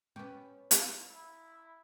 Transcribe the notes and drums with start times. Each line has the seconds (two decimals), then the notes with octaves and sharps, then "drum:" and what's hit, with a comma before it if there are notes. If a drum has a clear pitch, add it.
0.16 B3 C#4 G4
0.71 E3 D#4 F4 F5, drum: hi-hat
1.09 E4